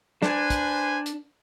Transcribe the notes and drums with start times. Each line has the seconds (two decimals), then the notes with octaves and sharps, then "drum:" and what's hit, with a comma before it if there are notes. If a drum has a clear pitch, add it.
0.22 D4 B4 C5 G#5, drum: snare
0.50 drum: kick, hi-hat
1.06 drum: hi-hat